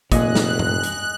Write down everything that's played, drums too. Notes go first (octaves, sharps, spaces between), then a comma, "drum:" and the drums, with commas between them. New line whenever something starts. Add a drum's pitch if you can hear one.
F1 A#2 G#4 D#5 F#6, drum: kick, hi-hat
drum: snare
drum: tom G2
drum: hi-hat